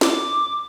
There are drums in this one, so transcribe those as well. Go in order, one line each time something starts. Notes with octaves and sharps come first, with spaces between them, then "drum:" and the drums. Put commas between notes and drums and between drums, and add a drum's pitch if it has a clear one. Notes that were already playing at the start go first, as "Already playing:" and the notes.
D6, drum: snare